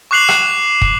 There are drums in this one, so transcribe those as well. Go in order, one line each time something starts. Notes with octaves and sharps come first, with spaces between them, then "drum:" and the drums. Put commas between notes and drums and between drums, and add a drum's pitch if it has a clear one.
C#6 D6 F#6 C7 F7 F#7
drum: rim click
drum: kick